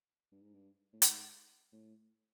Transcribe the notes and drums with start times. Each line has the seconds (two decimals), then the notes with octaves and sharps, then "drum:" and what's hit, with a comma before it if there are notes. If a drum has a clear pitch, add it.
0.32 G2
0.42 G#2
0.54 G2
0.93 A2
1.02 G#2, drum: hi-hat
1.73 A2